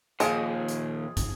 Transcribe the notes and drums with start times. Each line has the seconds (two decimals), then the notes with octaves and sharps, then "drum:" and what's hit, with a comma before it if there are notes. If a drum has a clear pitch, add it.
0.20 D#2 A#2 F3 F4 G#4 D#5 F5, drum: hi-hat
0.69 drum: hi-hat
1.17 drum: kick, hi-hat